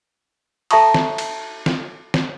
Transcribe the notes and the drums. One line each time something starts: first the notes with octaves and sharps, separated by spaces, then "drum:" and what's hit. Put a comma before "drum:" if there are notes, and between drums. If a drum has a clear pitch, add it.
A4 E5 A5 A#5 C#6 D#6, drum: cymbal
drum: snare
drum: cymbal
drum: snare
drum: snare